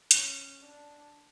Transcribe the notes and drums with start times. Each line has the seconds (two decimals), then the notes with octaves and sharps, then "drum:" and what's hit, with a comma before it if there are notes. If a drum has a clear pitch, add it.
0.11 C#4, drum: hi-hat
0.60 D4